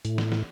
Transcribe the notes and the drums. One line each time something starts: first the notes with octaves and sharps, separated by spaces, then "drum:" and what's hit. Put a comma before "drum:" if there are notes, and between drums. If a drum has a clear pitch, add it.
A2, drum: hi-hat
drum: snare
drum: snare